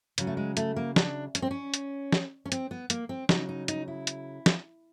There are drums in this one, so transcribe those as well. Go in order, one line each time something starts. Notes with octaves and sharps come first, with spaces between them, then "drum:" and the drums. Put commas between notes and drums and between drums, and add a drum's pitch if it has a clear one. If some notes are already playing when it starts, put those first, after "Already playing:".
C#3 F#3, drum: hi-hat
A3
G#3
A3, drum: hi-hat
A#3
D4, drum: snare
C#4, drum: hi-hat
C4
C#4
drum: hi-hat
drum: snare
C#4
C4, drum: hi-hat
B3
A#3, drum: hi-hat
C4
C#3 F#3 D#4, drum: snare
D#4
D#4, drum: hi-hat
E4
drum: hi-hat
drum: snare